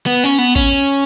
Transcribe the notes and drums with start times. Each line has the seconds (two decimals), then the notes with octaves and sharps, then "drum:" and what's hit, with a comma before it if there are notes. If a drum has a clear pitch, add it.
0.06 B3
0.24 C#4
0.39 B3
0.56 C#4, drum: kick G#1